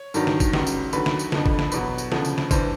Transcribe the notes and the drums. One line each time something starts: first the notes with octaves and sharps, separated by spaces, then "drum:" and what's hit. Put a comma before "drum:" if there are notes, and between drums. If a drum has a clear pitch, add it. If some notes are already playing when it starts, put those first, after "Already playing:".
Already playing: C#5
G2 D#3 F#3, drum: tambourine
drum: snare
drum: kick G1, tambourine
C#2 C#3 F#3, drum: snare
drum: tambourine
D#2 D3 F#3 B4, drum: tambourine
drum: snare
drum: tambourine
F2 D3 F3, drum: snare
drum: kick G1
drum: snare
E2 B2 F#3 B4, drum: tambourine
drum: tambourine
D2 C#3 F3, drum: snare
drum: tambourine
drum: snare
G2 E3 C5, drum: kick G1, tambourine